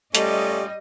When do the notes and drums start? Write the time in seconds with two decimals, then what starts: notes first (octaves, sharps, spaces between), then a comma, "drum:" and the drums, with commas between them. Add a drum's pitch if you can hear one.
0.15 G3 A3 C#4 F4 D5 D#5, drum: hi-hat